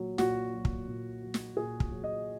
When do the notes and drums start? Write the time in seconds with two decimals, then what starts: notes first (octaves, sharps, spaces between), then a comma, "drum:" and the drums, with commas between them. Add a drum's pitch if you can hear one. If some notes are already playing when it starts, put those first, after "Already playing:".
Already playing: A#2 F#3
0.18 A#2 F#4, drum: snare
0.53 F#3
0.65 drum: kick
0.88 A#2
1.23 F#3
1.34 drum: snare
1.57 A#2 G#4
1.80 drum: kick
1.91 F#3
2.04 D#5